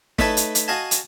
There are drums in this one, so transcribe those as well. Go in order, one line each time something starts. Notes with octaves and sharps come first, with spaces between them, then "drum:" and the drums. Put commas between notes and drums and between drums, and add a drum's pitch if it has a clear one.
A3 D#4 B4 C#5 A5, drum: snare
drum: hi-hat
drum: hi-hat
F#4 D#5 F5 G#5 A5
drum: hi-hat